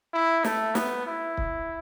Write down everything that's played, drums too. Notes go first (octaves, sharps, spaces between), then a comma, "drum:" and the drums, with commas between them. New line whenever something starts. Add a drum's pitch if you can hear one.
E4
A3, drum: snare
B3, drum: snare
E4
drum: kick C#1